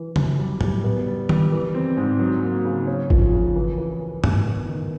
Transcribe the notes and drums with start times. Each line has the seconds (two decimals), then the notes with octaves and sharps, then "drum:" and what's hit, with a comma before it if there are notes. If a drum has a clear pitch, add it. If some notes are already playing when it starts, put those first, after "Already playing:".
Already playing: E3
0.16 F#2, drum: tom C#3
0.39 G3
0.61 G3, drum: tom A2
0.84 B3
1.07 G3
1.29 G3, drum: tom D#3
1.52 E3
1.74 C4
1.97 G#2
2.19 F#3
2.43 A#3
2.65 C#3
2.87 C#4
3.10 F3, drum: kick G#1
3.33 C#3
3.56 E3
3.77 E3
4.01 E3
4.24 D#3, drum: tom
4.46 B3
4.68 D#3